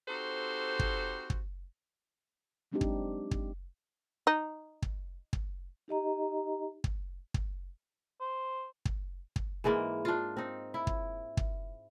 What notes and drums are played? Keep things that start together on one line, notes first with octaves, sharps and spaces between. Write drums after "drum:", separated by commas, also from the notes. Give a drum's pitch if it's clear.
C4 D#4 F#4 G4 A4 C5
drum: kick
drum: kick
F#3 G#3 C4 D4 D#4 G4
drum: kick
drum: kick
D#4
drum: kick
drum: kick
D#4 G4 D#5 A#5
drum: kick
drum: kick
C5
drum: kick
drum: kick
G#2 E3 G#3 A#3
D4 F4
C4 D#4
E4
drum: kick
drum: kick